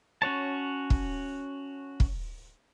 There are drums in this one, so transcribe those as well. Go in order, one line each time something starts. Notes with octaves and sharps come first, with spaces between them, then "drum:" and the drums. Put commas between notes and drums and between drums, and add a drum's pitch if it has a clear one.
C#4 F#4 C#5 A5
drum: kick
drum: kick